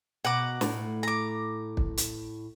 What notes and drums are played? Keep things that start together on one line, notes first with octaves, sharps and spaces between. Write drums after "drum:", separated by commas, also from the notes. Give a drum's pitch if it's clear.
B2 F#5 A#5 D6
A2, drum: snare
A#5 D6
drum: kick
drum: hi-hat